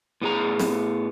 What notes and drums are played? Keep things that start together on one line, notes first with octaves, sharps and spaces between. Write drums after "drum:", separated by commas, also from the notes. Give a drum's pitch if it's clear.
A2 B3 G#4 A#5
drum: snare